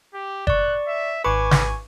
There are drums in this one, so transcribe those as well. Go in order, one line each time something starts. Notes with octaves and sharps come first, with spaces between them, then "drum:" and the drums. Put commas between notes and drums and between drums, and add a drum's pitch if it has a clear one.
G4
D5 C#6 F#6, drum: kick F#1
E5
G#1 B4 G#5 B5 C#6 D6
drum: snare